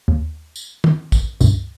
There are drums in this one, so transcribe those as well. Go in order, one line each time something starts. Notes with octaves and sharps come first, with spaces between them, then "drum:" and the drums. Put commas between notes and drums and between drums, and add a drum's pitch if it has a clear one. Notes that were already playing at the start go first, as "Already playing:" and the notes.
D#2
drum: tambourine
drum: tom
drum: kick, tambourine
C#2 G2 B2, drum: tambourine